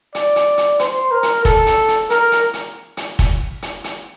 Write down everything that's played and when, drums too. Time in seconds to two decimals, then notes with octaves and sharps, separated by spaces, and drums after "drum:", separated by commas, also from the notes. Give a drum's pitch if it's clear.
0.15 D5, drum: hi-hat
0.36 drum: hi-hat
0.58 drum: hi-hat
0.79 C5, drum: hi-hat
1.11 A#4
1.23 drum: hi-hat
1.45 A4, drum: kick, hi-hat
1.66 drum: hi-hat
1.88 drum: hi-hat
2.10 A#4, drum: hi-hat
2.32 drum: hi-hat
2.54 drum: hi-hat
2.97 drum: hi-hat
3.19 drum: kick, hi-hat
3.62 drum: hi-hat
3.84 drum: hi-hat